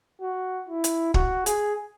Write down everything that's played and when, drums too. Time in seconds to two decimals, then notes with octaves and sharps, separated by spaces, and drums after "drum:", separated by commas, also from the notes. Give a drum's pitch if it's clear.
0.22 F#4
0.69 E4
0.84 drum: hi-hat
1.14 F#4, drum: kick
1.46 G#4, drum: hi-hat